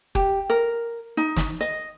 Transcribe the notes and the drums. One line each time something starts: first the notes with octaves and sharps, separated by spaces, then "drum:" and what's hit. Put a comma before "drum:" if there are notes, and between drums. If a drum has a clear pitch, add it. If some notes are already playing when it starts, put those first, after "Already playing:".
G4, drum: kick
A#4
D#4
drum: snare
D#5